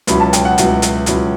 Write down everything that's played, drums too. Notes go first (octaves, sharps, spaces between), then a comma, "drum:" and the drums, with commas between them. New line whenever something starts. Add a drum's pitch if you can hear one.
C#2 B2 F#3 C#4 E4 B5, drum: hi-hat
A5
G5, drum: hi-hat
F#5
C#2 B2 F#3 C#4 E4, drum: hi-hat
drum: hi-hat
C#2 B2 F#3 C#4 E4, drum: hi-hat